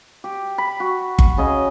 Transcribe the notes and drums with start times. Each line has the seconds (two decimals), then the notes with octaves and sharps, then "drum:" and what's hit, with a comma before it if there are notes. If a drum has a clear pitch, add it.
0.24 G4
0.58 B5
0.80 F#4
1.19 drum: kick G1
1.38 C#3 D#5